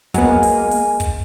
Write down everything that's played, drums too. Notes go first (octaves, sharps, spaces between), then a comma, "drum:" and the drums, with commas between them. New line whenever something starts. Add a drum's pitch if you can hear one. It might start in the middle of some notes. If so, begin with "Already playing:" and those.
F#3 G#3 A#3 B3 G#5, drum: kick, hi-hat
drum: open hi-hat
drum: open hi-hat
drum: kick, hi-hat